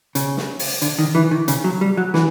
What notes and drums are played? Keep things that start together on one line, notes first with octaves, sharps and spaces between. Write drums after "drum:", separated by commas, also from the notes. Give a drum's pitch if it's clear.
C#3, drum: hi-hat
drum: snare
drum: open hi-hat
D3, drum: hi-hat
D#3
E3
D#3
C#3, drum: hi-hat
F#3
G3
F#3
E3, drum: snare